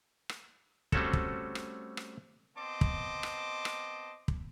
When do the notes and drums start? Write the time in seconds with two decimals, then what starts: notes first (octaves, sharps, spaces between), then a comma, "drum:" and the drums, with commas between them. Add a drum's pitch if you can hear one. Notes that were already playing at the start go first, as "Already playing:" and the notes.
0.29 drum: rim click
0.92 G3 A3 C4 C#4 F#4 A4, drum: kick
1.13 drum: kick
1.55 drum: rim click
1.97 drum: rim click
2.57 B3 C4 D#5 A5 C6 D6
2.81 drum: kick
3.23 drum: rim click
3.65 drum: rim click
4.28 drum: kick